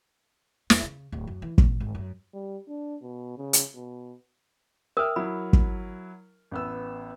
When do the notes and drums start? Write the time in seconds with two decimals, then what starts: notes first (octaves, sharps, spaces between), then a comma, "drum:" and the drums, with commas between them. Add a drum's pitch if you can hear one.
0.70 E2, drum: snare
0.83 C#3
1.12 D1
1.27 F#2
1.42 E3
1.58 A#2, drum: kick
1.80 G#1
1.95 F#2
2.34 G3
2.68 D4
3.02 B2
3.38 C#3
3.53 drum: hi-hat
3.75 B2
4.97 A#4 E5 G5 D#6 F6
5.16 F#3 E4 B5
5.53 drum: kick
6.51 A1 B3 E6